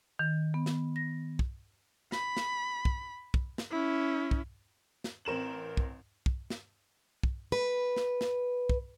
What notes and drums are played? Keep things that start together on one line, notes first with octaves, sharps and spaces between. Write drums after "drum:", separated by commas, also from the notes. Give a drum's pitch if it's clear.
D#3
B3
drum: snare
A#6
drum: kick
B5, drum: snare
drum: snare
drum: kick
drum: kick
drum: snare
C#4 E4
drum: kick
drum: snare
A1 C4 A#4 E7 F#7
drum: kick
drum: kick
drum: snare
drum: kick
B4
drum: snare
drum: snare
drum: kick